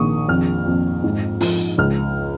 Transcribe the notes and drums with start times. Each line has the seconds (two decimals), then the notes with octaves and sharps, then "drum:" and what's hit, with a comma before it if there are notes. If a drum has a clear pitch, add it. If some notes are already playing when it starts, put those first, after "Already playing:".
Already playing: A#1 D#3 C#6 D#6
0.28 F2 F6
0.66 F2
1.04 G#2
1.40 F3, drum: open hi-hat
1.78 C#2 F6